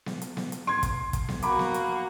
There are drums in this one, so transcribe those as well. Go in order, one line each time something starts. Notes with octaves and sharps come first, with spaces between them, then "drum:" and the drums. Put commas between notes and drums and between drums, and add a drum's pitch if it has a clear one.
drum: snare B3
drum: hi-hat
drum: snare B3
drum: hi-hat
C6 G#6
drum: kick, hi-hat
drum: kick, hi-hat
drum: snare B3
A#3 F#4 B5 D6, drum: hi-hat
drum: snare B3
drum: hi-hat